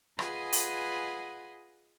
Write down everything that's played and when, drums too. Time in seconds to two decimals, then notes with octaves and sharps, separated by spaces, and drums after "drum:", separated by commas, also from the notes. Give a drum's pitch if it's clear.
0.19 F4 G#4 B4 D#5 F#5 G#5, drum: rim click
0.53 drum: open hi-hat